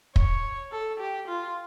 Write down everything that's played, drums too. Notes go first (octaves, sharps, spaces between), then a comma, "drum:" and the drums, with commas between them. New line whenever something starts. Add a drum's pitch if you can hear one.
C#5, drum: kick
A4
G4
F4